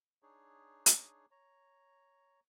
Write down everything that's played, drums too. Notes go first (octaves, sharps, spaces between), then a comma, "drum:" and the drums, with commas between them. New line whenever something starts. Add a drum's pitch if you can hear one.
D4 D#4 G#4 C#5
drum: hi-hat
C#5 A#5